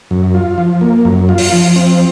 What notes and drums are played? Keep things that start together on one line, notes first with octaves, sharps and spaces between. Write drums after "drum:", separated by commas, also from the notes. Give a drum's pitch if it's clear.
F#2
F4
F3
A#3
F#2
F4
drum: open hi-hat
F3
C4